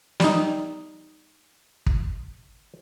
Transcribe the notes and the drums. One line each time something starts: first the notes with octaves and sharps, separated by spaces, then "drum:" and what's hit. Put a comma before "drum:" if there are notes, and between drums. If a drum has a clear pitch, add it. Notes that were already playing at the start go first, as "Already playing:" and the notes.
G3 D#4, drum: snare
drum: kick